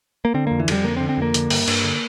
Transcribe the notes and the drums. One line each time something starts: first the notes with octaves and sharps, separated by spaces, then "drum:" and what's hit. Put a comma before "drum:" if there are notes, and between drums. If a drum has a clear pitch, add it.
A#3
D3 C4
F2 A#3
E3
F2 G3, drum: cymbal
D3 A#3
C4
D3
C4
F2 A#3
D3, drum: hi-hat
G2, drum: open hi-hat
G2, drum: cymbal
D3